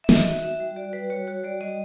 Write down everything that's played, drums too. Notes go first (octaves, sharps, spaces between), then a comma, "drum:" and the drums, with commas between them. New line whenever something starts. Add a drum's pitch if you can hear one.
E5
D#4 D#5, drum: snare
F#4 E5
F#4 E5
G3
F#4 D5
G3 B4
F#4 C#5
F#4 C#5
G3 D5
G3 D#5